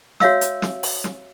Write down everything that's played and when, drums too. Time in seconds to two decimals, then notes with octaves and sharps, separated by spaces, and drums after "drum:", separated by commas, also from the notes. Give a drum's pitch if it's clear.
0.20 F#4 C#5 E5 F5 E6, drum: snare
0.41 drum: hi-hat
0.62 drum: snare
0.83 drum: open hi-hat
1.04 drum: snare